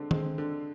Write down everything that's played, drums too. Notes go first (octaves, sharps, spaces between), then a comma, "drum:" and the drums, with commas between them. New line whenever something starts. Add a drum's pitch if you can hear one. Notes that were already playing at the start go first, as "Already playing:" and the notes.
Already playing: D3 G#3 C4
G#3 C4, drum: tom D#3
D3